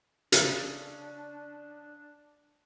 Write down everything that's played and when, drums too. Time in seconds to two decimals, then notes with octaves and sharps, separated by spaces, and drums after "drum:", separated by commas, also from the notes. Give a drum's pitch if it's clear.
0.32 C#3 C#4 D4, drum: hi-hat